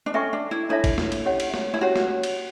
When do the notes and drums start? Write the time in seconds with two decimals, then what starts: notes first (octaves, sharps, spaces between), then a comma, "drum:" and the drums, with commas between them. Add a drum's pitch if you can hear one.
0.06 D4
0.14 C#4 A4 E5 G5 C#6
0.33 D4
0.51 E4
0.69 D4 E4 A4 C#5 E5 A5
0.84 drum: kick G#1, cymbal
0.98 drum: snare
1.12 drum: cymbal
1.25 C#4 G4 C#5 F#5
1.40 drum: cymbal
1.54 drum: snare
1.74 E4
1.81 C#4 F#4 G4 C#5 F#5
1.96 drum: snare
2.23 drum: cymbal